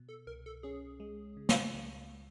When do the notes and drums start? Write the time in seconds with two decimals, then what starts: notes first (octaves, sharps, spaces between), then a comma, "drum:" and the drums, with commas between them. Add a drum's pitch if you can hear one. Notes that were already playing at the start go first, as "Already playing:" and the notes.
Already playing: B2
0.09 A4
0.27 C2 A#4
0.46 A4
0.63 C#4 G#4
1.00 G#3
1.37 C#3
1.49 drum: snare
1.74 C#2